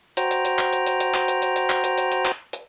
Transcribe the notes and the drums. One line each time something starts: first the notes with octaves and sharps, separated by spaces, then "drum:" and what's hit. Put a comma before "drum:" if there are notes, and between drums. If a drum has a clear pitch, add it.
F#4 C5 G5 A#5, drum: hi-hat
drum: hi-hat
drum: hi-hat
drum: clap
drum: hi-hat
drum: hi-hat
drum: hi-hat
drum: clap
drum: hi-hat
drum: hi-hat
drum: hi-hat
drum: clap
drum: hi-hat
drum: hi-hat
drum: hi-hat
drum: clap
drum: hi-hat